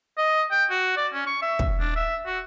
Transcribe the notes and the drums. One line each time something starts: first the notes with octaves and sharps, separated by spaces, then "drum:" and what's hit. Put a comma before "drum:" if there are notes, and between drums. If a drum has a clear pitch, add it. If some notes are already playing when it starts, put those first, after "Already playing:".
D#5
G5
F#4
D5
C#4
C#6
E5
drum: kick
D4
E5
F#4